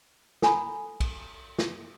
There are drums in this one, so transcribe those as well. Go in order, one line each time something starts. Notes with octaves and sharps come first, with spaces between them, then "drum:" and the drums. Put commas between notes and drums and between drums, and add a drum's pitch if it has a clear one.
A4 G#5 A#5 B5, drum: snare
drum: kick, cymbal
drum: snare